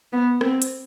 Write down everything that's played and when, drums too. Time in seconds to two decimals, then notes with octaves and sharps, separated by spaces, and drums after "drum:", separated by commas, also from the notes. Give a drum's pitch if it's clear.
0.13 B3
0.41 C4, drum: rim click
0.62 drum: hi-hat